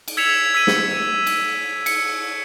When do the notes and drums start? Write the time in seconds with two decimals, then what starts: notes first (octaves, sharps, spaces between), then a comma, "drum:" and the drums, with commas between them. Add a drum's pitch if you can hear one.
0.08 drum: cymbal
0.17 E6 G#6 B6 C#7 E7 F7
0.54 E6 B6 D#7
0.67 drum: snare
1.27 drum: cymbal
1.86 C#7, drum: cymbal